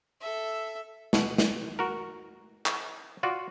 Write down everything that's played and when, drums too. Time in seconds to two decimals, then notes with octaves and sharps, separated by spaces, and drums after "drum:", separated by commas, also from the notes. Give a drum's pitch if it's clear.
0.20 A4 E5
1.13 B2, drum: snare
1.38 drum: snare
1.79 F#4 A#4
2.66 drum: clap
3.23 F4 F#4 D5